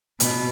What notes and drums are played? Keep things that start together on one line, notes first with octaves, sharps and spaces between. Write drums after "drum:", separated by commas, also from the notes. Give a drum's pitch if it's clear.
B2, drum: hi-hat